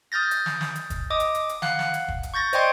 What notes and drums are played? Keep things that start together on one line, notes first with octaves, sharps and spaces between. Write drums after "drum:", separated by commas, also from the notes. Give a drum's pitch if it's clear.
D#6 F6 G6 A6 A#6
drum: hi-hat
drum: snare
drum: snare
drum: hi-hat
drum: kick, hi-hat
D#5 D6 D#6
drum: hi-hat
drum: hi-hat
drum: hi-hat
F5 F#5 F#6, drum: snare
drum: snare
drum: hi-hat
drum: kick
drum: hi-hat
C#6 G6 A6 A#6
C5 D5 D#5 G5 C6 G#6, drum: hi-hat